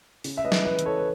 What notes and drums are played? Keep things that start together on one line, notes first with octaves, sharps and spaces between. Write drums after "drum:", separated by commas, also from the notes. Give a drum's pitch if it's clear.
C#3, drum: open hi-hat
E5
B4 D#5
E3, drum: snare
B4 D#5
E3, drum: hi-hat
A4 C#5
B4